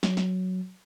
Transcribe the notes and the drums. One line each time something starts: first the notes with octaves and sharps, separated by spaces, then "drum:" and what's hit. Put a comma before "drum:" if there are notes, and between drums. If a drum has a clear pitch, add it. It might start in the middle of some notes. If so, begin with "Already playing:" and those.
F#3, drum: snare
drum: snare